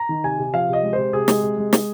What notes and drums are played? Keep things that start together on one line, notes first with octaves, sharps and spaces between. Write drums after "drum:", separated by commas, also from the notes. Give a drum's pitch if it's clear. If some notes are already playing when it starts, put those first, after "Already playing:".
Already playing: A#5
D#3
C3 G#5
C3
F3 F5
C3 D#5
G#3
C3 C5
C3 G#4
G#3, drum: snare
C3
G#3
drum: snare